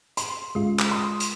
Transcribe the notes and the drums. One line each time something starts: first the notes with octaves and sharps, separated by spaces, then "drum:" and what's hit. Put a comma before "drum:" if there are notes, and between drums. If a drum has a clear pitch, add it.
C6, drum: hi-hat
C#2 G#3 F4
drum: clap
C6 D#6
drum: hi-hat